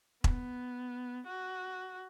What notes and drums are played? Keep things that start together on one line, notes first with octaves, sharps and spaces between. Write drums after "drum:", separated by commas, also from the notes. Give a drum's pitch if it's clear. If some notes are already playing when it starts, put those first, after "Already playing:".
B3, drum: kick E1
F#4